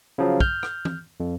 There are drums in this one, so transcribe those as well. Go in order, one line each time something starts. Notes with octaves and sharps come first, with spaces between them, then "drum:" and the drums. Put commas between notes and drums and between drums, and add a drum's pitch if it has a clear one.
C#3 F3 F#3
F6 G6, drum: kick
drum: rim click
drum: tom E3
F2